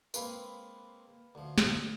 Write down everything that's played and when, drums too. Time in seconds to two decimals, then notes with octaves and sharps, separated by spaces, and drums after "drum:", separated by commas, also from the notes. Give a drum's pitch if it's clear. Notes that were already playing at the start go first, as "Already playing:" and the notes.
0.14 G#3 A#3 C4 B4 F5 B5, drum: tambourine
1.35 D2 F3
1.58 drum: snare